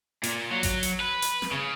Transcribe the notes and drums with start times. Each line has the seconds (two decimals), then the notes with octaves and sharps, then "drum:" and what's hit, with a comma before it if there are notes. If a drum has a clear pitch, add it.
0.24 A#2, drum: hi-hat
0.51 F#3
0.63 drum: kick G#1, hi-hat
0.83 drum: hi-hat
1.00 B4
1.22 drum: hi-hat
1.42 drum: snare
1.53 C#3